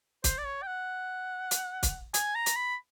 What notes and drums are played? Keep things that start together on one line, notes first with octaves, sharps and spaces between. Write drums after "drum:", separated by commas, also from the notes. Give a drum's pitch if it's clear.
C5, drum: kick, hi-hat
D5
C#5
G5
F#5
drum: hi-hat
drum: kick, hi-hat
G#5, drum: hi-hat
A#5
drum: hi-hat
B5